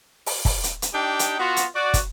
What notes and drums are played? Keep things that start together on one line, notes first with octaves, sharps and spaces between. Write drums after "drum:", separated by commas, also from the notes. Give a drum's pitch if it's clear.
drum: open hi-hat
drum: kick, open hi-hat
drum: hi-hat
drum: hi-hat
D4 D#4 G4 G5
drum: hi-hat
B3 F4 F#4
drum: hi-hat
F#4 D5
drum: kick, hi-hat